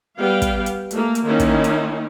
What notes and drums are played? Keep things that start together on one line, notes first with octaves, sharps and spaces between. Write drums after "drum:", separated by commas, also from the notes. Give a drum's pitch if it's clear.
G3 B3 G4 F5 G5
drum: kick, hi-hat
drum: hi-hat
A3 A#3, drum: hi-hat
drum: hi-hat
D#3 A#3 C#4 D#4 E4
drum: kick, hi-hat
drum: hi-hat